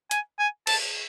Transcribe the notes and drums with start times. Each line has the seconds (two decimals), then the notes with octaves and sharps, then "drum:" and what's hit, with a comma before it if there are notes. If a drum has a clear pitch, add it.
0.11 G#5, drum: hi-hat
0.39 G#5
0.67 A5, drum: cymbal